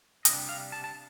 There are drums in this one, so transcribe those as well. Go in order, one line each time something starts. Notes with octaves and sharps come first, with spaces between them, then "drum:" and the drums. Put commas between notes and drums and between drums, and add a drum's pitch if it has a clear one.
C3 G3 D4 D#5, drum: hi-hat
F5
A5
A5